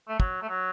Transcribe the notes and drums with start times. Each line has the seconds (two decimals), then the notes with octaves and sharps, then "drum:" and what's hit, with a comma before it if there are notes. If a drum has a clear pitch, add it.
0.08 A3
0.20 F#3, drum: kick
0.42 A3
0.49 F#3